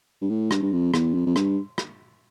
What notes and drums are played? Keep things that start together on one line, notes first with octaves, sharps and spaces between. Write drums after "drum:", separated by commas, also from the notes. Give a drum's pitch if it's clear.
G2
A2
G2, drum: rim click
G2
F2
E2, drum: rim click
F2
F2
G2, drum: rim click
drum: rim click